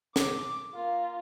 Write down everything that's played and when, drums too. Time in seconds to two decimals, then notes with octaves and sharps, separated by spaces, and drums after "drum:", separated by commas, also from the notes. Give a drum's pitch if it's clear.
0.16 D6, drum: snare
0.74 A#3 F4